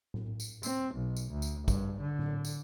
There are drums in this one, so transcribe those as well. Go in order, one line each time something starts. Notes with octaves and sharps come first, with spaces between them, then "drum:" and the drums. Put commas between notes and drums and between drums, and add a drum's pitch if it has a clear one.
drum: tom A2
drum: tambourine
C4, drum: tambourine
B1
drum: tambourine
D2
drum: tambourine
G2, drum: kick, tambourine
D3
drum: tom A2
drum: tambourine